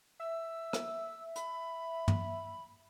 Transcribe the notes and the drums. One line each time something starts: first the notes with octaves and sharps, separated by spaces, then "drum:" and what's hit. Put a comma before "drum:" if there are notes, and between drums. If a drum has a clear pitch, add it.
E5 E6
drum: rim click
B5, drum: hi-hat
drum: tom